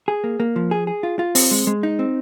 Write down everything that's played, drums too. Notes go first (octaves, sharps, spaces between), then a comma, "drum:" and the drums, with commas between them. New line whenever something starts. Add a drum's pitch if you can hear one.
G#4
A#3
A#3
F3
G#4
G#4
F4
F4
C4, drum: open hi-hat
G#3
G#3
D#4
C4